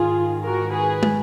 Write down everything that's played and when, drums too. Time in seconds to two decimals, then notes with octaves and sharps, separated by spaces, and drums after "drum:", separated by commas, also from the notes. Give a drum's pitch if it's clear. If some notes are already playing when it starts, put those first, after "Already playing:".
Already playing: G#2 D#3 F4 G#4
0.45 F#4 A#4
0.73 G#4 B4
1.03 drum: tom